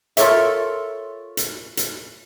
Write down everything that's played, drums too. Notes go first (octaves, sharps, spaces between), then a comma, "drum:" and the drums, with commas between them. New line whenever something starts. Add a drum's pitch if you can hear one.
F4 A4 A#4 C#5 E5, drum: hi-hat
drum: hi-hat
drum: hi-hat